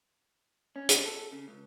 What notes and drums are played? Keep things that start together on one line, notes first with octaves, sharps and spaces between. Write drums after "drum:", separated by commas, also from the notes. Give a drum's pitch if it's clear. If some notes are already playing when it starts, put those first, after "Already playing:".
C#4
drum: hi-hat
A4
C#3
C#2